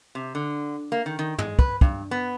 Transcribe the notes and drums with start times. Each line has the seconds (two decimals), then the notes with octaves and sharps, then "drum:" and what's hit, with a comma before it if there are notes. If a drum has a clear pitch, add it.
0.15 C3
0.35 D3
0.92 A#3
1.06 D#3
1.19 D#3
1.38 G#3, drum: tom
1.59 B4, drum: kick
1.81 G2, drum: kick
2.11 B3